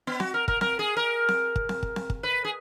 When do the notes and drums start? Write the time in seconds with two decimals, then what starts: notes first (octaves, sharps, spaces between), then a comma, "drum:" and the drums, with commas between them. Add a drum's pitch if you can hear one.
0.07 B3
0.20 F#4, drum: snare C4
0.34 A#4
0.48 A#4, drum: kick
0.61 A#4, drum: snare C4
0.79 G#4
0.97 A#4
1.29 drum: snare C4
1.56 drum: kick
1.69 drum: snare C4
1.83 drum: kick
1.96 drum: snare C4
2.10 drum: kick
2.23 B4
2.45 G#4